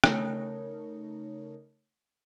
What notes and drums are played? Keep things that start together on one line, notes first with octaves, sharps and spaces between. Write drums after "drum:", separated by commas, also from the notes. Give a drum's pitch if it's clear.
C#3 A3 D#4 A#4 C#5, drum: rim click